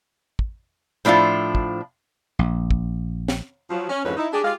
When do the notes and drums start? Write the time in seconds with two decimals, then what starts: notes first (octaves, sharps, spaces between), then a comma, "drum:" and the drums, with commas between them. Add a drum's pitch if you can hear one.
0.39 drum: kick
1.05 A2 F3 D4 E4 F4
1.55 drum: kick
2.39 A#1
2.71 drum: kick
3.28 drum: snare
3.70 F3 F#3
3.90 C#4
4.04 F2 G#2 E3 C#4 B4 C#5
4.17 D#4 E4
4.33 D4 G4 G#4
4.44 G#3 F4 G4 G#4 F5